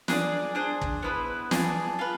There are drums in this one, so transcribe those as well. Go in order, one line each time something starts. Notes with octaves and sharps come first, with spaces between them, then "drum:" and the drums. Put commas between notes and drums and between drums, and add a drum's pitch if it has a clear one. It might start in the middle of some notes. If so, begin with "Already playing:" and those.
D4 G#4 B4 D5, drum: snare
D4 G#4 C5
drum: kick
B3 E4 B4
G#4 D5 A5, drum: snare
F4 B4